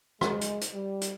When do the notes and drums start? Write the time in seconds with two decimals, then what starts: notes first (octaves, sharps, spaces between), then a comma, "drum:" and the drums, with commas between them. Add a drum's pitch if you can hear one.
0.21 G#3, drum: rim click
0.41 drum: hi-hat
0.61 drum: hi-hat
0.74 G3
1.01 drum: hi-hat